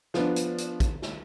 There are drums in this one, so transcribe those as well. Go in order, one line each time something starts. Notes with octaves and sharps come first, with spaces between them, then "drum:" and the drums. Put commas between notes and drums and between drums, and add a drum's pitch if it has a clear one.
F3 B3 D4, drum: snare
drum: hi-hat
drum: hi-hat
drum: kick, hi-hat
drum: snare